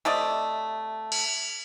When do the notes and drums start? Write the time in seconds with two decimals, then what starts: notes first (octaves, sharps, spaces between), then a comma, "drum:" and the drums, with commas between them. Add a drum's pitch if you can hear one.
0.05 C3 A3 D5 D#5
1.12 drum: cymbal